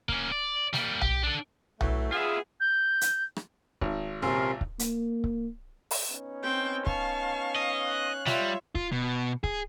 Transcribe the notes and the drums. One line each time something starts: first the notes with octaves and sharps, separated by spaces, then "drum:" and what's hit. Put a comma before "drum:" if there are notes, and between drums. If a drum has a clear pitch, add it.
A#3 C#4, drum: kick C#1
D5
G3 A#3, drum: snare
G4, drum: tom B1
D4 A4
E3 F#3 A3, drum: tom B1
B3 F4 G#4 E5
G6
drum: hi-hat
drum: rim click
G#1, drum: kick C#1
A#1 C3 C#4 F4 A#4 C6 E6
drum: kick C#1
A#3, drum: hi-hat
drum: kick C#1
drum: open hi-hat
B3 C#4 D#4
C4 G5
F5 A5 C#6, drum: kick C#1
D#5
F#6
G3 F4 C#5 E5, drum: snare
F4, drum: kick C#1
B2
G#4, drum: kick C#1